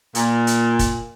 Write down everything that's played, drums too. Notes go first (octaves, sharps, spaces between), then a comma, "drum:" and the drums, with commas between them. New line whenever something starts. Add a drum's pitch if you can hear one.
A#2, drum: hi-hat
drum: hi-hat
drum: kick, hi-hat